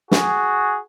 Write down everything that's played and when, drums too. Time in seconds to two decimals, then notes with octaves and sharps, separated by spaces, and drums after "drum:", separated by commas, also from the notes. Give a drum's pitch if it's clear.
0.11 F#4 G#4, drum: snare